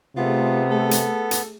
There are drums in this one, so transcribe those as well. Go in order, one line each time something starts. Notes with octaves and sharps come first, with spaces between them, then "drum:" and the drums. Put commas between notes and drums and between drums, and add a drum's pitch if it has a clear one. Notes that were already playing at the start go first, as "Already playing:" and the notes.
C3 A3 B3 F4 G#4
A4
drum: hi-hat
drum: hi-hat